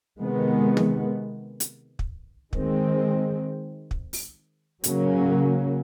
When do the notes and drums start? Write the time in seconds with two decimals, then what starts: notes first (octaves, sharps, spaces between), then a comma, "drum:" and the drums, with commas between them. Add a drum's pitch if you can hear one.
0.21 C3 D#3 G#3 B3
0.77 drum: tom
1.60 drum: hi-hat
1.99 drum: kick
2.53 D#3 G#3 C4, drum: kick
3.91 drum: kick
4.13 drum: open hi-hat
4.84 C#3 F#3 A#3 C#4, drum: hi-hat